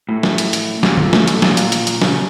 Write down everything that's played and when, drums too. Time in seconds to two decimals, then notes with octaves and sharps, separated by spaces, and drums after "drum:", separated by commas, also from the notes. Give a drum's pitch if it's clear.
0.09 A2
0.23 drum: snare
0.38 drum: hi-hat
0.53 drum: hi-hat
0.83 A#2, drum: snare
0.97 F2 F3, drum: tom D3
1.13 A2 A3, drum: snare
1.28 A2 A3, drum: hi-hat
1.42 A#2 A#3, drum: snare
1.57 drum: hi-hat
1.72 drum: hi-hat
1.87 drum: hi-hat
2.02 C#3 C#4, drum: snare